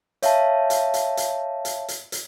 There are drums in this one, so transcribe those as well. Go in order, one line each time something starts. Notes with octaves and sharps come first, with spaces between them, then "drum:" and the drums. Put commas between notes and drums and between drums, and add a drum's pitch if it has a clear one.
C#5 E5 F5 A5, drum: hi-hat
drum: hi-hat
drum: hi-hat
drum: hi-hat
drum: hi-hat
drum: hi-hat
drum: hi-hat